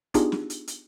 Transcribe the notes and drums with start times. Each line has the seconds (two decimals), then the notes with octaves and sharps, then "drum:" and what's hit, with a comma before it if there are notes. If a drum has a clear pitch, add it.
0.14 B3 D4 D#4 F4 G4 G#4, drum: kick, hi-hat
0.32 drum: snare
0.50 drum: hi-hat
0.68 drum: hi-hat